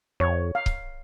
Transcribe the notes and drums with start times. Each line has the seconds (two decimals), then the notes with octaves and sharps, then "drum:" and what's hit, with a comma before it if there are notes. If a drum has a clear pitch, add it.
0.20 F2 C#5
0.55 F5
0.66 drum: kick C#1